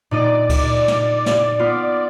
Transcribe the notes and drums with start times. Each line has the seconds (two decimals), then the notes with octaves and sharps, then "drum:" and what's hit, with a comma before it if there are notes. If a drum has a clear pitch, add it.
0.11 A#2 D#4 D5 D#5
0.50 drum: kick C#2, cymbal
0.88 drum: snare
1.26 drum: snare
1.59 B3 F4